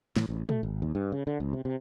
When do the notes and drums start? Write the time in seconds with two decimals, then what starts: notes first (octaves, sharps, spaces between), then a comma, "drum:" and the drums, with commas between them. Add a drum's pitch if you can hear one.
0.16 A2, drum: snare
0.29 A1
0.49 A3, drum: tom
0.63 G#1
0.82 D#2
0.95 G2
1.12 C#3
1.27 D3
1.40 C#2
1.53 C3
1.65 C3